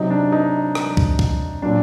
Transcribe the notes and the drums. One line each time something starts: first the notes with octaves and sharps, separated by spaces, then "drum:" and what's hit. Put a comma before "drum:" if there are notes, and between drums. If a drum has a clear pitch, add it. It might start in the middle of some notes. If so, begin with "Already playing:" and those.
Already playing: C3 F#3 D#4
D4
D#4
drum: rim click
drum: kick
drum: kick
A#2 F#3 D4